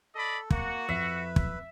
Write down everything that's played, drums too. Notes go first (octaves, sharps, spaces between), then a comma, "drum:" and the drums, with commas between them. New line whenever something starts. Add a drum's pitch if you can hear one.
A4 D5 D#5 B5
A#3 F#4 F#5, drum: kick
F2 B4 E5
drum: kick